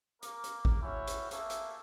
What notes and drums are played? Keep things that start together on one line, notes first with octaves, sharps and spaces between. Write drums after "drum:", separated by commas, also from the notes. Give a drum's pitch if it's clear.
A#3 A#4 D6, drum: hi-hat
drum: hi-hat
drum: kick G#1
C#4 E4 F#4 G#4 C#5 G5
drum: hi-hat
A3 A#3 G#4 E5, drum: hi-hat
drum: hi-hat